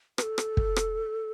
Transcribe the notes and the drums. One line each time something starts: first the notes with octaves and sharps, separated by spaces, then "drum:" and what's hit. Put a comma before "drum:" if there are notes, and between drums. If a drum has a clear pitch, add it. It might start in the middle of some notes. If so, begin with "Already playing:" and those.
B4, drum: rim click
A4
drum: rim click
drum: kick
drum: rim click